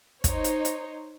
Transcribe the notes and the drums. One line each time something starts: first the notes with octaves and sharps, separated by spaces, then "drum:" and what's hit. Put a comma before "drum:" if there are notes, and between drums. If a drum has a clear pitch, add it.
D#4 C5 C#5, drum: kick, hi-hat
drum: hi-hat
drum: hi-hat